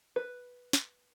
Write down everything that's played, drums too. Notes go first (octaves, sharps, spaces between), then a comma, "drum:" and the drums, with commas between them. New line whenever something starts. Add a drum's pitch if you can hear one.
B4
drum: snare